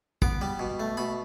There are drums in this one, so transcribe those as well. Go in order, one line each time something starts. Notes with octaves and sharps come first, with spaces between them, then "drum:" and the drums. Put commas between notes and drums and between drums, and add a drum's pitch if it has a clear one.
B3 D6, drum: kick
G3
B2
A3
B2 B5